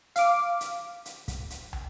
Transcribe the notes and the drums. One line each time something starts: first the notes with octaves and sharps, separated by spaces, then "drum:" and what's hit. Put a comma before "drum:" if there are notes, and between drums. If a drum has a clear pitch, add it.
F5 D6, drum: hi-hat
drum: hi-hat
drum: hi-hat
drum: kick, hi-hat
drum: hi-hat
drum: tom